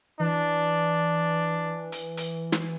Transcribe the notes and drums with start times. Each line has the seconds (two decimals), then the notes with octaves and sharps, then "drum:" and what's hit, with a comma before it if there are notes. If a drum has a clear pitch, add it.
0.20 E3 D4
1.92 drum: hi-hat
2.17 drum: hi-hat
2.52 drum: snare